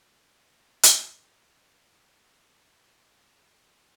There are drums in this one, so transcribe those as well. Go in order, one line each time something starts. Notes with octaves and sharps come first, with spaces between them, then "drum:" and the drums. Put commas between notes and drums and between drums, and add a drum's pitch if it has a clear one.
E3
drum: hi-hat
A3 C#4 C5 D#5 F5 G5